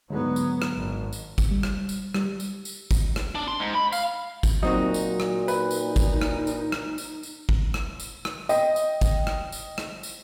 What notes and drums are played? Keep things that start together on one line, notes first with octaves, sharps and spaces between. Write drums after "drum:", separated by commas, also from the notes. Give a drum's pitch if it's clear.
D2 G#2 D3 F#3 B3
drum: tambourine
drum: rim click
G#1
drum: tambourine
drum: kick, tambourine
G3
drum: rim click
drum: tambourine
G3, drum: rim click
drum: tambourine
drum: tambourine
drum: kick, tambourine
drum: rim click
D4
C6
G#2
B5
F5, drum: tambourine
drum: kick, tambourine
A#2 F#3 C4 D#4 F#4
drum: tambourine
drum: rim click
D#4 B4, drum: tambourine
drum: tambourine
drum: kick, tambourine
drum: rim click
drum: tambourine
drum: rim click
drum: tambourine
drum: tambourine
drum: kick
drum: rim click
drum: tambourine
drum: rim click
D#5 G5, drum: tambourine
drum: tambourine
drum: kick, tambourine
drum: rim click
drum: tambourine
drum: rim click
drum: tambourine